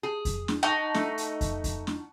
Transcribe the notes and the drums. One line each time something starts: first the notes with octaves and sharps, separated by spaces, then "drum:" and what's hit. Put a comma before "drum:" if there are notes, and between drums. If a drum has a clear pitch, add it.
G#4
drum: kick F2, hi-hat
drum: snare
D#4 F#5 A5 C#6
A3, drum: snare
drum: hi-hat
drum: kick F2, hi-hat
drum: kick F2, hi-hat
drum: snare